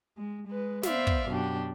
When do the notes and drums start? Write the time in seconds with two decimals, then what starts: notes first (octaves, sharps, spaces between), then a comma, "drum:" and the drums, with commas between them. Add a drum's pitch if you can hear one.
0.18 G#3
0.48 G#3 B4
0.83 B3 C5 D5 E5 F5, drum: snare
1.07 drum: kick
1.28 F#2 B2 D4 G4